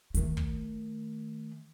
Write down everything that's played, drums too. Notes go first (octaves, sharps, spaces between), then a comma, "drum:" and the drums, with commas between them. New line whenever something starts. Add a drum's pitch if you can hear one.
D#3 A3, drum: hi-hat
drum: kick